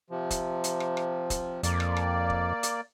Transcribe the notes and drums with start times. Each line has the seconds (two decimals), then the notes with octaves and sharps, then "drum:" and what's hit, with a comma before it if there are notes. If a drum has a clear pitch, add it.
0.10 C3 F3
0.30 drum: kick, hi-hat
0.64 drum: hi-hat
0.80 drum: rim click
0.97 drum: rim click
1.30 drum: kick, hi-hat
1.63 F2 A#3 D5, drum: hi-hat
1.80 drum: rim click
1.97 drum: rim click
2.30 drum: kick
2.63 drum: hi-hat